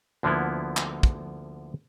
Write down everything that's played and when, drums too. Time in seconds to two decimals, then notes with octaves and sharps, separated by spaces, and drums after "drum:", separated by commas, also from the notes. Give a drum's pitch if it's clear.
0.23 D2 D3 F3 A#3 B3 E4
0.77 drum: clap
1.03 drum: kick